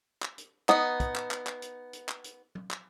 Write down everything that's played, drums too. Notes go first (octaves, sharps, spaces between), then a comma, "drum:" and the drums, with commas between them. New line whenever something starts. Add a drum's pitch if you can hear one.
drum: clap
drum: hi-hat
B3 D#4, drum: clap
drum: kick, hi-hat
drum: clap
drum: clap
drum: clap
drum: hi-hat
drum: hi-hat
drum: clap
drum: hi-hat
drum: tom F#3
drum: clap